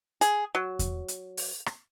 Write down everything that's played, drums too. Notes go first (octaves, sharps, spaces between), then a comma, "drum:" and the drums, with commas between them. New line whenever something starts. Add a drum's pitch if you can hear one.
G#4, drum: hi-hat
F#3
drum: kick E2, hi-hat
drum: hi-hat
drum: open hi-hat
drum: rim click